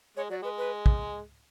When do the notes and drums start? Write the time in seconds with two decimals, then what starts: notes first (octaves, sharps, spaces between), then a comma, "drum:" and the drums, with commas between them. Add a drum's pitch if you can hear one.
0.17 G#3 C#5
0.29 F#3 D5
0.42 G#3 B4
0.58 B4
0.86 drum: kick